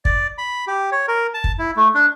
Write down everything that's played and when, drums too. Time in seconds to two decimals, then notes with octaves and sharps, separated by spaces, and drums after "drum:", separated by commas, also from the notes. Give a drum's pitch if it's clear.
0.05 D5, drum: kick
0.38 B5
0.67 G4
0.92 C#5
1.08 A#4
1.34 A5
1.44 drum: kick
1.59 E4
1.77 A3
1.95 D4